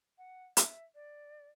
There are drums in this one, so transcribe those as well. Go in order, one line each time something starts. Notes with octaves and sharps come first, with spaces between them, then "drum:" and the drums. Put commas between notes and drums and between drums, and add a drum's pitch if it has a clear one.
F#5
E5, drum: hi-hat
D5